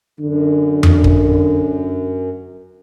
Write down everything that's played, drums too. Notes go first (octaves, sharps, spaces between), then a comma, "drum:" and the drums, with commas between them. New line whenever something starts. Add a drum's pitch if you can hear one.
F#2 D3
drum: tom F2
drum: kick